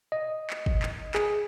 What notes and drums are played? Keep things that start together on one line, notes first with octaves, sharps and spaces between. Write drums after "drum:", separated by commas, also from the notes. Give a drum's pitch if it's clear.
D#5
drum: clap
drum: kick
drum: clap
G#4, drum: clap